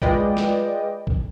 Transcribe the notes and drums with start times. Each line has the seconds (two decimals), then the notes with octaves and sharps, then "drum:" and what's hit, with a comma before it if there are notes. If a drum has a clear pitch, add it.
0.02 G#3 F4 B4 D5 D#5 G5, drum: kick B1
0.37 drum: snare
1.07 drum: kick B1